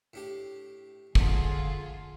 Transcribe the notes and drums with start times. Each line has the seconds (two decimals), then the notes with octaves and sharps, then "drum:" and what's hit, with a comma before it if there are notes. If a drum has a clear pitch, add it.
0.13 A2 D4 G4
1.15 F2 D3 A3 F4 G#4, drum: kick